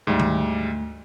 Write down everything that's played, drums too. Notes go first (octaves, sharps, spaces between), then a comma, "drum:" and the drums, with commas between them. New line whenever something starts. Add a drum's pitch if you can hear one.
D2 G#2 G3
drum: tom D#3